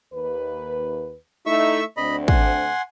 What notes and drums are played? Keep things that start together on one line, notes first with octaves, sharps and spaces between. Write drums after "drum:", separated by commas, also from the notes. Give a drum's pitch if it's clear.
D#2 B4
A3 D#4 E4 E5 C#6 E6
D2 C4 D4 D#5 B5
F#5 G#5 C6, drum: kick